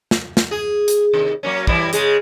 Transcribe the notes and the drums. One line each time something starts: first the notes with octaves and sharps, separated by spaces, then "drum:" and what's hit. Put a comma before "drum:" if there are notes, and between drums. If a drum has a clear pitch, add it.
drum: snare
drum: snare
G#4
drum: hi-hat
D#2 C3
F#3 A#3 C#4
E3 G3 E4, drum: kick
C#3 G#3 G#4, drum: hi-hat